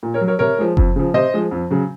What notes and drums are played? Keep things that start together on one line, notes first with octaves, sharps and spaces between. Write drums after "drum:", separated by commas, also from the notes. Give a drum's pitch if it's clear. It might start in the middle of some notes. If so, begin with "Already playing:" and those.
A#2
A#4 C#5
F#3
A#4 C#5
C3 A#4 C#5
F3 G#3
F2, drum: kick F#1
C#3 F3
C3 C5 D#5
F3 G#3
F2
C#3 F#3